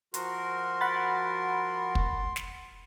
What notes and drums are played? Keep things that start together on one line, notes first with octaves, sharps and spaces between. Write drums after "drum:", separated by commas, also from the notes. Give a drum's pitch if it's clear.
F3 F#4 A#4 C6, drum: hi-hat
F#5 B5 A6
drum: kick
drum: snare